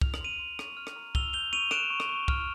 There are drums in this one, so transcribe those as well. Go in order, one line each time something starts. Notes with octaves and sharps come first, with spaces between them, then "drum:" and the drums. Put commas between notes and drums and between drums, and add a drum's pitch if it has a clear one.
F6 F7, drum: kick
F#7, drum: rim click
C6 D#7 F7
C6
C#6, drum: rim click
F6
drum: rim click
A#5
E6 F7 G7, drum: kick
G6 F7 G7
C#6 D#7 F7
F#6 D7 E7, drum: rim click
C#6
drum: rim click
C#6
F6, drum: kick